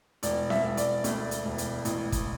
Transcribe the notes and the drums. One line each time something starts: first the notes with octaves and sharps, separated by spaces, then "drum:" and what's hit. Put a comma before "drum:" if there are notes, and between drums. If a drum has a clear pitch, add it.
E1 D5, drum: hi-hat
E5, drum: snare C4
E1
D5, drum: hi-hat
D2, drum: hi-hat
drum: hi-hat
E1
drum: hi-hat
A1, drum: hi-hat
drum: kick, hi-hat